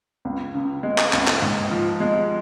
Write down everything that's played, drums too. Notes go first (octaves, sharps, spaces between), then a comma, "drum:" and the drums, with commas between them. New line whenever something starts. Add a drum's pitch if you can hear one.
C#2
C#3
G#3
drum: clap
C#2, drum: clap
drum: clap
G#2
F3
G#3